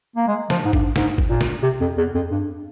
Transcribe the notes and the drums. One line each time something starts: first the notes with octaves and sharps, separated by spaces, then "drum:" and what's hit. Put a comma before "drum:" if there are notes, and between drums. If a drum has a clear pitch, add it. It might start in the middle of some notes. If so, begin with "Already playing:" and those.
A#3
G#3
F3, drum: snare
G#2
G2, drum: kick G#1
G#2, drum: snare
drum: kick G#1
A#2
drum: snare
C3
F2
E2
F2
G2